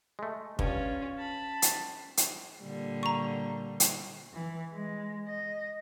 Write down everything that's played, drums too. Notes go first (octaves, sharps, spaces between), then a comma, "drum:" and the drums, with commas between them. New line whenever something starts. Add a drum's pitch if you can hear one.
G#3 A3
G2 C#4 F4, drum: kick
A5 B5
drum: hi-hat
drum: hi-hat
A#2 D3 G3
A#5 C#6
drum: hi-hat
E3
G#3
D#5